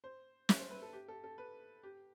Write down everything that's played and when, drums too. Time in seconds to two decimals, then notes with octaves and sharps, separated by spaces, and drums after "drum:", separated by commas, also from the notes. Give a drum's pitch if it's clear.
0.04 C5
0.49 E5, drum: snare
0.59 C5
0.71 B4
0.82 A4
0.93 G4
1.08 A4
1.24 A4
1.38 B4
1.83 G4